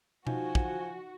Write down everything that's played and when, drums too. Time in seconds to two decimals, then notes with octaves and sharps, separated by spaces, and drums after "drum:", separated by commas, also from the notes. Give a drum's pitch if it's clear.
0.27 F3 D#4 F#4 G#5, drum: tom B2
0.55 drum: kick